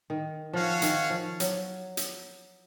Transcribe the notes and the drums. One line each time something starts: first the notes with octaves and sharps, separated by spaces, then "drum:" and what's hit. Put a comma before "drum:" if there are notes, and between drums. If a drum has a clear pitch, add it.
D#3
F3 C#4 F#4 C#5 F5
D#3, drum: hi-hat
F3
F#3, drum: hi-hat
drum: hi-hat